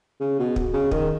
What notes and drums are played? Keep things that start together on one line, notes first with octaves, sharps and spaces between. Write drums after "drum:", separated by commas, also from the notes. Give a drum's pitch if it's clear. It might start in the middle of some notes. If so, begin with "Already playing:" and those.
C#3
B2
drum: kick
C#3
D#3, drum: kick